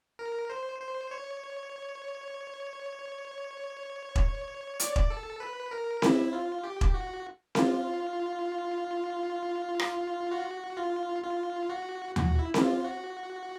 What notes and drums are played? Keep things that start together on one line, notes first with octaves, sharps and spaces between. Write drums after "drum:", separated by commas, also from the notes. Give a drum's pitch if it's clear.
A#4
C5
C5
C#5
drum: kick E1
D5, drum: hi-hat
drum: kick E1
A4
B4
A#4
E4, drum: snare C4
F4
G4
drum: kick E1
F#4
F4, drum: snare C4
drum: rim click
F#4
F4
F4
F#4
F#4, drum: tom D#2
E4
E4, drum: snare C4
F4
F#4